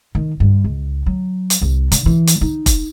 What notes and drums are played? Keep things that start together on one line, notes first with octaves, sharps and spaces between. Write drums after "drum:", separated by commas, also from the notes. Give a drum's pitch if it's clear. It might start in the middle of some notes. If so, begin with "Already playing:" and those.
D#3
G2
C#2
F#3
drum: hi-hat
C2
D3, drum: hi-hat
E3
drum: hi-hat
D#4
drum: kick F1, hi-hat